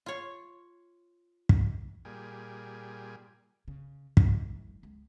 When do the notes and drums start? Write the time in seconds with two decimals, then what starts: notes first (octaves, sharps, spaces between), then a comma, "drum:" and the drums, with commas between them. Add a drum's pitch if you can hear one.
0.06 F4 C#5
1.49 drum: kick
2.05 A#2 G3 G#4
3.68 C#3
4.17 F#1 G#3, drum: kick
4.83 C#2